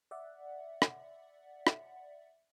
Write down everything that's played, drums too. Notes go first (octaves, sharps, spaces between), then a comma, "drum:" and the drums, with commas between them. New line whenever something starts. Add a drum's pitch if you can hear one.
D5 E5 F#5
drum: rim click
drum: rim click